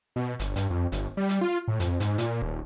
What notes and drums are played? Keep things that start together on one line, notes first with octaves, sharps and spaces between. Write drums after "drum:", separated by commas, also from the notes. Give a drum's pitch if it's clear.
B2
G1, drum: hi-hat
G2, drum: hi-hat
F2
G1, drum: hi-hat
G3
drum: hi-hat
F4
A2
F2, drum: hi-hat
G#2, drum: hi-hat
A#2, drum: hi-hat
D#1